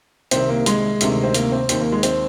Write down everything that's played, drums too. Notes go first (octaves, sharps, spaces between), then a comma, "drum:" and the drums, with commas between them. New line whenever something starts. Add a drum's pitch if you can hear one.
C2 C3 D#3 C4, drum: hi-hat
A#3
G#3, drum: hi-hat
D2 C3 D#3, drum: hi-hat
C4
A#3, drum: hi-hat
C4
D#2 D#3 C4, drum: hi-hat
A#3
G#3
C4, drum: hi-hat